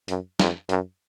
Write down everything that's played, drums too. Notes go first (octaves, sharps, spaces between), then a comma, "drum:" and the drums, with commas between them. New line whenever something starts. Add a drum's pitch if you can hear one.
F#2, drum: hi-hat
F2, drum: snare
F#2, drum: hi-hat